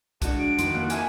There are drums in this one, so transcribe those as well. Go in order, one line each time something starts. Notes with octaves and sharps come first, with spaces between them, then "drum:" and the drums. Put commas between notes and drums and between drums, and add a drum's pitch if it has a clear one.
A2 G#3 D4 F#4, drum: kick, hi-hat
D7
F2 D#3 C6, drum: hi-hat
A#3 F#6
F2 D#3 E5 G#5 C6 D6 G#6, drum: hi-hat